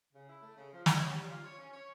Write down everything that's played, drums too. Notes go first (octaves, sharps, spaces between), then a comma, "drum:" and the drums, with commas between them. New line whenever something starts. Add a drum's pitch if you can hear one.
C#3
E4
A3
C#3
F3
E4, drum: snare
C#4
G3
F4
C#5
C#4
C#5